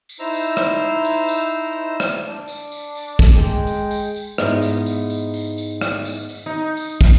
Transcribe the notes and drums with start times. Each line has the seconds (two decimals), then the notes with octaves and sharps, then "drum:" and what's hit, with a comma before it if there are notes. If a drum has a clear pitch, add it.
0.09 drum: tambourine
0.19 D#4 E4 C5 A#5 E6
0.33 drum: tambourine
0.57 drum: rim click
1.05 drum: tambourine
1.28 drum: tambourine
2.00 drum: rim click
2.28 D4
2.48 drum: tambourine
2.71 drum: tambourine
2.95 drum: tambourine
3.19 drum: kick, tambourine
3.35 G#3 G5
3.67 drum: tambourine
3.91 drum: tambourine
4.15 drum: tambourine
4.38 G#2 B3 D#4 E4 G#4 D#5, drum: rim click
4.62 drum: tambourine
4.86 drum: tambourine
5.10 drum: tambourine
5.34 drum: tambourine
5.58 drum: tambourine
5.81 drum: rim click
6.05 drum: tambourine
6.29 drum: tambourine
6.46 D#4
6.77 drum: tambourine
7.01 drum: kick, tambourine